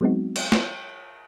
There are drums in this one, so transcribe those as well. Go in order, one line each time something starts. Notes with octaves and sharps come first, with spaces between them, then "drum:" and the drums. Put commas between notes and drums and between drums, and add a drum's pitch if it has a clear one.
F#3 G#3 B3 C4 D#4 F#4
drum: cymbal
drum: snare